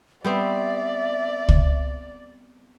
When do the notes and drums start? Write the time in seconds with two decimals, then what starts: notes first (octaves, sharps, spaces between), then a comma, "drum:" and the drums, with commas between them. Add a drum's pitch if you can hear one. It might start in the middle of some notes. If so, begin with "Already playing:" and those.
0.24 G3 B3 C4 D5 E5
1.49 drum: kick